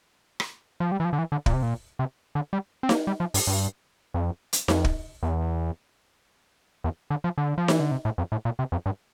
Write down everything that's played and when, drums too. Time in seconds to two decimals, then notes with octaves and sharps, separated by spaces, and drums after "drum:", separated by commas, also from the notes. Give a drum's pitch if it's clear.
0.40 drum: rim click
0.80 F3
0.92 G3
1.00 E3
1.05 F3
1.13 D3
1.19 E3
1.32 D3
1.46 A#2, drum: kick
1.54 C3
1.63 A#2
1.99 C3
2.35 D3
2.53 G3
2.83 C4
2.89 A#3, drum: snare D#4
3.07 G3
3.20 F3
3.34 G2, drum: open hi-hat
3.47 G2
4.14 F2
4.53 drum: hi-hat
4.68 F2, drum: snare D#4
4.84 drum: kick
5.23 E2
6.84 E2
7.10 D3
7.24 F3
7.38 D3
7.58 F3
7.68 E3, drum: snare D#4
7.80 D3
7.91 C3
8.05 A2
8.18 F2
8.32 A2
8.45 A#2
8.59 C3
8.72 F2
8.86 G2